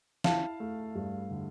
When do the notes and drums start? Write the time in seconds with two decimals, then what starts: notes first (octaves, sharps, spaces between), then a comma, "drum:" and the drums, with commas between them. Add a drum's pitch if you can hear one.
0.24 E4 F5 A5, drum: snare
0.60 A3
0.95 G2
1.31 D3